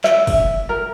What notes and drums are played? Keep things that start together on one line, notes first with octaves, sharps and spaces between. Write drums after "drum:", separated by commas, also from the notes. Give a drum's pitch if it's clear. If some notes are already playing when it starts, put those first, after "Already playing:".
E5, drum: clap
drum: kick, open hi-hat
A#4